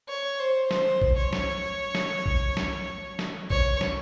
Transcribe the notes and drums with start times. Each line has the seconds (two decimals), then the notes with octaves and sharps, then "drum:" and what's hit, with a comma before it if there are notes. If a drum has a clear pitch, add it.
0.08 C#5
0.39 C5
0.71 C5, drum: snare
1.02 drum: kick A1
1.17 C#5
1.33 drum: snare
1.95 drum: snare
2.26 drum: kick A1
2.57 drum: snare
3.19 drum: snare
3.50 C#5, drum: kick A1
3.81 drum: snare